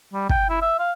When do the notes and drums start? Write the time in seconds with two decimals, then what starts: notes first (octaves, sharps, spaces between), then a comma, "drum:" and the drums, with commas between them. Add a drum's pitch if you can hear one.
0.13 G3
0.29 G5, drum: kick
0.50 E4
0.62 E5
0.79 F5